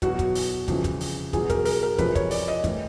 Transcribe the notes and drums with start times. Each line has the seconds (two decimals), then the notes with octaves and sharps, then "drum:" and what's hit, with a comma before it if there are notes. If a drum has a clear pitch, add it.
0.02 E2 B2 F#3 F#4, drum: kick, hi-hat
0.19 drum: kick, hi-hat
0.35 drum: open hi-hat
0.68 F2 C#3 E3, drum: kick, hi-hat
0.84 drum: kick, hi-hat
1.01 drum: open hi-hat
1.33 E2 B2 F#3 G#4, drum: kick, hi-hat
1.50 A#4, drum: kick, hi-hat
1.65 A#4, drum: open hi-hat
1.83 A#4
1.98 F2 C3 E3 B4, drum: kick, hi-hat
2.15 C#5, drum: kick, hi-hat
2.31 D5, drum: open hi-hat
2.48 D#5
2.64 A2 E3, drum: kick, hi-hat